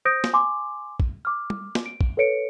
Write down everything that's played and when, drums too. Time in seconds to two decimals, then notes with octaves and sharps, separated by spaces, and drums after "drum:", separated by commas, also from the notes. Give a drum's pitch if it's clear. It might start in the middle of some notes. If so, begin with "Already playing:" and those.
0.05 C5 D#6 G6 A#6 D7
0.24 drum: snare
0.33 G#5 C6 D6
1.00 drum: kick
1.25 D6 F6
1.50 drum: tom
1.75 drum: snare
1.86 D7
2.01 drum: kick
2.17 A4 B4 C#5 C#7 D7